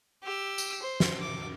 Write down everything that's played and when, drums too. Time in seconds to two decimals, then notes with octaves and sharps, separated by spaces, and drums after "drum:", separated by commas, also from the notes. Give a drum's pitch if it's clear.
0.23 G4 E6
0.58 drum: tambourine
0.82 C5
1.00 drum: snare
1.21 D6